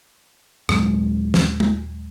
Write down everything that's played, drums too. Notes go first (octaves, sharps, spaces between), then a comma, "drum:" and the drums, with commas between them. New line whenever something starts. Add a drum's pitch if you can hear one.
D#2 A#2 F#3 G#3, drum: rim click
drum: snare
drum: tom G#3